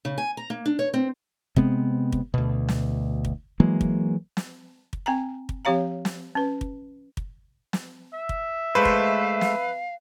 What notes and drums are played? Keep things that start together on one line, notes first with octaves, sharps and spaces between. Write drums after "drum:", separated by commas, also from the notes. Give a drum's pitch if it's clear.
C#3
G#5
A#5
A#3
D4
C#5
C4
C3 G#3 B3 C4, drum: kick
drum: kick
D2 B2
drum: snare
drum: kick
E3 F#3 G#3 A#3
drum: kick
drum: snare
drum: kick
C4 G#5 A#5
drum: kick
F3 C4 G4 C#5 F5 A#5
drum: snare
C#4 B4
drum: kick
drum: kick
drum: snare
E5
drum: kick
G#3 A3 B4 C5 F5
drum: kick
drum: snare